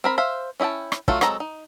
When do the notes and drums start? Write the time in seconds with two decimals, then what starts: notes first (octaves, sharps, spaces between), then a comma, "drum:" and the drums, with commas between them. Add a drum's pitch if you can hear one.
0.04 C4 A#4 B5
0.18 C5 E5 F5
0.60 C#4 E4 D#5 G5 A5
0.92 drum: rim click
1.08 F#3 A3 F4 F#4, drum: kick
1.21 F#3 G#3 C4 A4 A#5, drum: rim click
1.40 D#4